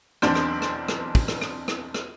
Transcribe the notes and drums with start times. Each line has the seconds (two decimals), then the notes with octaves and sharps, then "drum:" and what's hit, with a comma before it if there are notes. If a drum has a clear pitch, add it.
0.22 B1 E2 C4 D4 C6 G6, drum: rim click
0.35 drum: rim click
0.62 drum: rim click
0.88 drum: rim click
1.15 drum: kick, open hi-hat
1.28 drum: rim click
1.41 drum: rim click
1.68 drum: rim click
1.94 drum: rim click